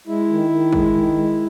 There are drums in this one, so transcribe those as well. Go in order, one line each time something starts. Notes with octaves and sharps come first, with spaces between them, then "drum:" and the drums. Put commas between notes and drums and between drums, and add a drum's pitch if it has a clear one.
G#3 E4
D#3
D#3
G#3, drum: kick
D#3
G#3